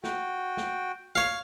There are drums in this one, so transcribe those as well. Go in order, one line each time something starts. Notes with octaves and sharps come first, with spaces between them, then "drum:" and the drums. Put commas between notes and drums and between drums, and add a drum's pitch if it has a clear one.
F#4 G5, drum: snare
drum: snare
C#5 F5, drum: snare